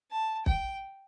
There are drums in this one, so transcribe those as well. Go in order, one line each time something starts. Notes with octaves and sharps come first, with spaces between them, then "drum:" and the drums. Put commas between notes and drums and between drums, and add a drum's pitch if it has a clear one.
A5
G5, drum: kick